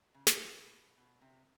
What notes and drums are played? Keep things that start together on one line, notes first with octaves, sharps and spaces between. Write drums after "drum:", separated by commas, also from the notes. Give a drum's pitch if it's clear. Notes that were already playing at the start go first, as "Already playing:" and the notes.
C#3
C3, drum: snare
B2
B2
C3